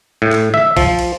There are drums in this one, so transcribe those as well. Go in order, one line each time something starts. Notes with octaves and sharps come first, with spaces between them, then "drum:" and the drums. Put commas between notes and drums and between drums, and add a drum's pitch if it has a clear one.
A2
drum: clap
E5, drum: tom
F3, drum: kick A1, cymbal
drum: cymbal